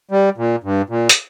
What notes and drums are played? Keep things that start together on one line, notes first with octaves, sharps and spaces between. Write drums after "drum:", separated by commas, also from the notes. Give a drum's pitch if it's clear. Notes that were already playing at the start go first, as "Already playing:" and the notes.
G3
A#2
G2
A#2
drum: hi-hat